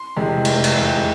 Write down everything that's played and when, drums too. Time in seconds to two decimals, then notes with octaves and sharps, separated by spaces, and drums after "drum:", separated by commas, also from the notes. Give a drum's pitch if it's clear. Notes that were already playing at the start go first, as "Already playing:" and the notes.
Already playing: C6
0.17 E2 C3 G#3
0.45 F1, drum: cymbal
0.64 drum: cymbal
0.74 E2 C3 G#3